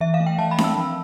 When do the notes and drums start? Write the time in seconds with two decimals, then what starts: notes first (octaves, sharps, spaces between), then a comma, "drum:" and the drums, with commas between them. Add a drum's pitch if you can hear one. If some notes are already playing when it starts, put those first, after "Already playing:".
0.01 E3 E5
0.14 F5
0.20 A3
0.27 G5
0.38 E3 A5
0.51 B5
0.58 C4, drum: snare D4
0.64 E6
0.76 F3